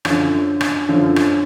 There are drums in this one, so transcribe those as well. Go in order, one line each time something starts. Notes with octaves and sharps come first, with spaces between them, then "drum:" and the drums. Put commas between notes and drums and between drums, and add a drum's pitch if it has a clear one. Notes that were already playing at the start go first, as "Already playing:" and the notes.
F#2 D3 F3, drum: rim click
drum: rim click
F#2 D3 F3
drum: rim click